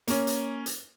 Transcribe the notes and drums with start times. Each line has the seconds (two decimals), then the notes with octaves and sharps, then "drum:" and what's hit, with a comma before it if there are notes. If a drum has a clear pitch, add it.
0.08 A#3 C#4, drum: hi-hat
0.27 drum: hi-hat
0.66 drum: hi-hat